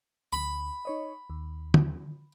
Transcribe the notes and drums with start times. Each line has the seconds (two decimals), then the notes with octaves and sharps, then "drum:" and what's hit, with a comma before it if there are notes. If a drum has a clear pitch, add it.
0.33 D2 B5
0.85 D#4 C#5 D#5
1.30 D#2
1.74 drum: tom